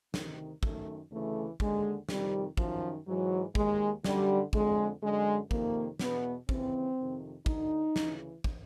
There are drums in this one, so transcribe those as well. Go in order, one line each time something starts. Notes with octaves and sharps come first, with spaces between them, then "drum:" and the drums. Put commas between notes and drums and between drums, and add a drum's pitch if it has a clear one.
D2 C3 D#3, drum: snare
F#2 D#3 A3, drum: kick
D2 C#3 E3 A3
D#2 D3 G#3, drum: kick
F2 C3 D#3 G3, drum: snare
F#2 D#3 F3, drum: kick
G#2 E3 F#3
D#2 D#3 G#3, drum: kick
F#2 D3 G3, drum: snare
F2 D3 G#3, drum: kick
F#2 D3 G#3
F2 C3 D#3 A#3, drum: kick
E2 B2 B3, drum: snare
D#2 C#3 E3 C4, drum: kick
F2 C3 D#3
D2 D3 D#4, drum: kick
D2 C#3 E3, drum: snare
drum: kick